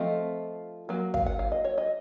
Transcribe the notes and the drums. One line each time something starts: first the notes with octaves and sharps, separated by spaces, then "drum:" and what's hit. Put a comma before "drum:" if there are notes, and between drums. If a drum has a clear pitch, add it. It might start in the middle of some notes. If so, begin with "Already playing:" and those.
Already playing: F3 A3 C4 F4 D#5
F#3 A#3
F5, drum: kick
F#5
F5
D#5
C#5
D#5